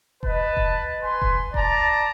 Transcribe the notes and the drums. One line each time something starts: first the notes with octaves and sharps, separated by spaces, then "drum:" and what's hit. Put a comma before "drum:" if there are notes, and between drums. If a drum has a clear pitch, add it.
B4 D#5 A5, drum: kick E1
drum: kick E1
B4 G#5 C6
drum: kick E1
D5 A5 A#5, drum: kick E1